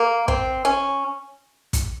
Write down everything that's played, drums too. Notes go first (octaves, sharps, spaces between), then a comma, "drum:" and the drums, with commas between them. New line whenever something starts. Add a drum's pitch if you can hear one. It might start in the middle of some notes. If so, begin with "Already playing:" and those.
Already playing: A#3
C4, drum: kick
C#4
drum: kick, hi-hat